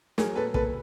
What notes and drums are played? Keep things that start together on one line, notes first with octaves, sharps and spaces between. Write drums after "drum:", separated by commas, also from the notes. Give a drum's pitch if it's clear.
F#3 G#4 A#4, drum: snare
A#2 A4 B4
A#2 A4 B4, drum: kick